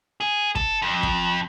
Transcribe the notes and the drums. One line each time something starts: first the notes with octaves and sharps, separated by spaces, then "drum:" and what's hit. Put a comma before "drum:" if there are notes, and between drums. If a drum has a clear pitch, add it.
G#4
A4, drum: kick
F2
drum: kick